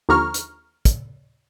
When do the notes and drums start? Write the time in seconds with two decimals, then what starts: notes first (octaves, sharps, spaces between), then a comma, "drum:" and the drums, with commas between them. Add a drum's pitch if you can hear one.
0.09 D#2 D3 F3 A#5 C#6 F6
0.34 drum: hi-hat
0.85 drum: kick, hi-hat